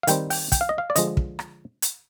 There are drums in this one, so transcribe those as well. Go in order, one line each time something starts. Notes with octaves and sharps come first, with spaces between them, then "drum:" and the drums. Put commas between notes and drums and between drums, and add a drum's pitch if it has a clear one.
F5
D#3 G3 C4 G5, drum: hi-hat
G5, drum: open hi-hat
G5, drum: kick, hi-hat
F5
D#5
F5
D5
D3 F3 G#3 D#5, drum: hi-hat
drum: kick
drum: rim click
drum: hi-hat